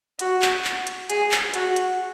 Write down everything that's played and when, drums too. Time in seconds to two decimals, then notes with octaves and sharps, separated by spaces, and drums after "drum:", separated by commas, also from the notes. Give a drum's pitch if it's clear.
0.19 F#4, drum: hi-hat
0.42 drum: clap
0.64 drum: clap
0.87 drum: hi-hat
1.10 G#4, drum: hi-hat
1.32 drum: clap
1.54 F#4, drum: hi-hat
1.76 drum: hi-hat